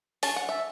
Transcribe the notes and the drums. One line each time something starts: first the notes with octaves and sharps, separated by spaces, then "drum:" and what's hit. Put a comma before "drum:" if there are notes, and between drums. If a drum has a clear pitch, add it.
C#4 A5, drum: open hi-hat
F#5
E5